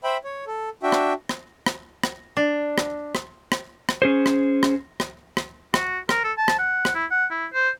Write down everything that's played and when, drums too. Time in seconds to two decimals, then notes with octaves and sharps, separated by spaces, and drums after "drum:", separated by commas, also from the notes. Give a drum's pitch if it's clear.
0.04 C5 E5 G5 B5
0.24 C#5
0.47 A4
0.83 D4 F#4 E5 G5
0.92 drum: rim click
1.29 drum: rim click
1.66 drum: rim click
2.04 drum: rim click
2.37 D4
2.78 drum: rim click
3.15 drum: rim click
3.52 drum: rim click
3.89 drum: rim click
4.02 C#4 G#4 C5
4.26 drum: rim click
4.63 drum: rim click
5.00 drum: rim click
5.37 drum: rim click
5.74 F#4, drum: rim click
6.09 A#4, drum: rim click
6.24 A4
6.38 A5
6.48 drum: rim click
6.59 F#5
6.85 drum: rim click
6.95 E4
7.11 F#5
7.31 E4
7.54 C5